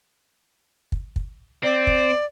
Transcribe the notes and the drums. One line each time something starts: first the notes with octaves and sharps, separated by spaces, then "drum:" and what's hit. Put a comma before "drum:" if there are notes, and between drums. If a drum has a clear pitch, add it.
drum: kick
drum: kick
C4 D5
drum: kick